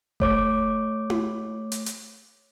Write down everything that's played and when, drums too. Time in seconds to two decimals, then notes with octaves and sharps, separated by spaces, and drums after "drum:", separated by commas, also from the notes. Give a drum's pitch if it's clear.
0.20 A3 C#5 D6, drum: kick F#1
1.10 drum: tom E4
1.72 drum: hi-hat
1.86 drum: hi-hat